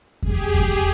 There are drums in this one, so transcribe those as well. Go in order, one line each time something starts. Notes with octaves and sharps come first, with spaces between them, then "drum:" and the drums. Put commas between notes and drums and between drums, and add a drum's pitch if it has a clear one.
G4 G#4, drum: kick E2
drum: kick E2